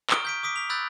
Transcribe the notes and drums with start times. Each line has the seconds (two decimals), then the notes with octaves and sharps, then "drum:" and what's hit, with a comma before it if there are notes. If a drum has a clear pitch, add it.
0.10 A#5 C#6 D#6 F6 D7 G7, drum: clap
0.25 G6 B6 D7
0.43 D6 D#6 B6 D7
0.56 B6 F7
0.70 B5 D#6 E6 F#6 G6 A6